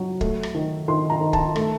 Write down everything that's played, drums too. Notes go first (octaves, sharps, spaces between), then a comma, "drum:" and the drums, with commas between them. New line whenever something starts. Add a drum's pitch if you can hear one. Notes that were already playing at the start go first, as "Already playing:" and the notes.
Already playing: F#3
A3, drum: kick
drum: rim click
D#3
D#3 C6
A#5
D#3
A5, drum: kick
A3, drum: rim click